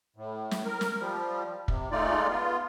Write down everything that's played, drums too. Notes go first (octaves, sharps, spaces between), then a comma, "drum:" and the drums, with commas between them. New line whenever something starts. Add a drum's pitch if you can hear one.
A2
drum: snare
A#4
drum: snare
F3 G3
C3, drum: kick
G#3 A3 D#4 F4 D5
B3 F4